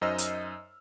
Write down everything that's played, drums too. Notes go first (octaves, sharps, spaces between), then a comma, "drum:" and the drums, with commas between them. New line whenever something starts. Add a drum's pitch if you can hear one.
F#2 D#4 C5 D#5 E6 F6
drum: hi-hat